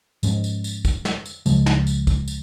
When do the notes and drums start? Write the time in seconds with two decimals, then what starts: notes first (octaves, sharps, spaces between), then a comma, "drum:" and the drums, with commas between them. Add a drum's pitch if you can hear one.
0.23 G#2 F3 G#3 C#4, drum: tambourine
0.44 drum: tambourine
0.64 drum: tambourine
0.85 drum: kick, tambourine
1.05 drum: snare
1.25 drum: tambourine
1.46 C#2 C#3 F3 G#3, drum: tambourine
1.66 drum: snare
1.87 drum: tambourine
2.07 drum: kick, tambourine
2.28 drum: tambourine